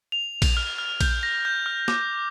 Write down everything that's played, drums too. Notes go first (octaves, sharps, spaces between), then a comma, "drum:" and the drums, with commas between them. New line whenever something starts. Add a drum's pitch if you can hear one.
F7
drum: kick A#1, cymbal
F6
F6
G6, drum: kick A#1, cymbal
A#6
G6
F6
D6, drum: snare